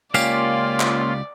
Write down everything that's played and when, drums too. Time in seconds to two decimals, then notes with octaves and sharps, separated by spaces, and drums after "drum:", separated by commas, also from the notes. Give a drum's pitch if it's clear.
0.14 C#2 A#3 C#4 F4 G4 D5 F5, drum: tambourine
0.80 drum: clap